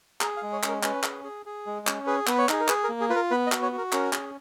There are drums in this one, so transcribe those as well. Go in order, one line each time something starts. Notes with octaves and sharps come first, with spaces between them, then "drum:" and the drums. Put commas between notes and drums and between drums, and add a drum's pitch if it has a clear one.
G#4 A#5, drum: clap
F5
G#3
C#5
C#4 A#4, drum: clap
C#4 B4, drum: clap
G#4, drum: clap
G#4
G#4
G#3
C#4, drum: clap
G#4 B4
B3 B4, drum: clap
C#5
D#4 G#4, drum: clap
A#4
G#4 B4, drum: clap
A#4
A#3
G#4
F4 B4
A#4
B3 B4
D#5
F#4, drum: clap
C#5
F#4
A#4
C#4 A#4, drum: clap
G#4, drum: clap